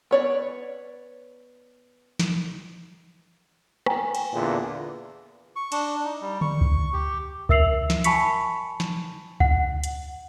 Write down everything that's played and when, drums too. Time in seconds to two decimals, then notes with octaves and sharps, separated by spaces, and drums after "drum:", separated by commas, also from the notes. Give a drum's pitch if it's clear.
0.11 B3 C#5 D5
2.19 drum: snare
3.86 G5 G#5 A#5, drum: rim click
4.15 drum: cymbal
4.33 E2 A#2 D3
5.56 C#6
5.72 D4, drum: cymbal
6.05 D#4
6.21 G3
6.41 C#6, drum: tom D3
6.61 drum: kick
6.93 G4
7.49 A#4 E5 E6 C7 F7 F#7, drum: kick
7.90 drum: snare
8.04 G#5 A5 B5 C#6 B6 C#7, drum: hi-hat
8.80 drum: snare
9.40 F#5, drum: kick
9.84 drum: hi-hat